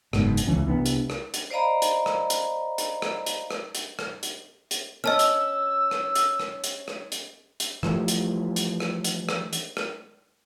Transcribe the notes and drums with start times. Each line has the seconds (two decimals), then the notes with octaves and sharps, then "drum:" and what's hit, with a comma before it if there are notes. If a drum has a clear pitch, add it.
0.13 F#1 G#2 B2, drum: rim click
0.37 drum: hi-hat
0.47 C#2 E3 C#4
0.66 C2 B3 D4
0.86 drum: hi-hat
1.10 drum: rim click
1.34 drum: hi-hat
1.51 C5 D5 D#5 F5 A#5 B5
1.82 drum: hi-hat
2.06 drum: rim click
2.30 drum: hi-hat
2.78 drum: hi-hat
3.02 drum: rim click
3.26 drum: hi-hat
3.51 drum: rim click
3.75 drum: hi-hat
3.99 drum: rim click
4.23 drum: hi-hat
4.71 drum: hi-hat
5.04 C#4 D#5 A5 E6 F6
5.19 drum: hi-hat
5.91 drum: rim click
6.15 drum: hi-hat
6.40 drum: rim click
6.64 drum: hi-hat
6.88 drum: rim click
7.12 drum: hi-hat
7.60 drum: hi-hat
7.83 E3 F3 G3 A3, drum: rim click
8.08 drum: hi-hat
8.56 drum: hi-hat
8.80 drum: rim click
9.05 drum: hi-hat
9.29 drum: rim click
9.53 drum: hi-hat
9.77 drum: rim click